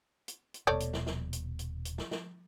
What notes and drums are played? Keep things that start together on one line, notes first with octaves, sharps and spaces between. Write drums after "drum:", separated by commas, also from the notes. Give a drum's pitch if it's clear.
drum: hi-hat
drum: hi-hat
D#1 B2 A3 C#5 D5
drum: hi-hat
drum: snare
drum: snare
drum: hi-hat
drum: hi-hat
drum: hi-hat
drum: snare
drum: snare